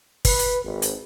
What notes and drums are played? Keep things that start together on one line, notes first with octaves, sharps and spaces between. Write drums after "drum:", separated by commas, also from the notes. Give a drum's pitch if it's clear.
B4, drum: kick, open hi-hat
drum: hi-hat
G#1
drum: hi-hat